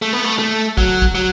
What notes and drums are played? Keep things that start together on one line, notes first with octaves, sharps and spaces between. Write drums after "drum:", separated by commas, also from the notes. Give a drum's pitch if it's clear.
A3
B3
A3
A3
F#3, drum: kick
drum: kick
F#3